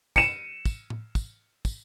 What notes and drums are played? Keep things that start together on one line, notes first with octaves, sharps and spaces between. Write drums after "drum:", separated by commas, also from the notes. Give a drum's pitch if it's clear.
C#7 D#7 E7, drum: kick, tambourine
drum: kick, tambourine
drum: tom A2
drum: kick, tambourine
drum: kick, tambourine